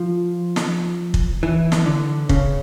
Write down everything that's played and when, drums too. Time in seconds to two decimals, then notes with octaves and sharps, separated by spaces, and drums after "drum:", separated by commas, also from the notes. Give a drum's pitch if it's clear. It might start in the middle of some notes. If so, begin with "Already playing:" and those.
Already playing: F3
0.56 drum: snare
1.14 drum: kick
1.43 E3
1.72 drum: snare
1.86 D3
2.29 C#3, drum: kick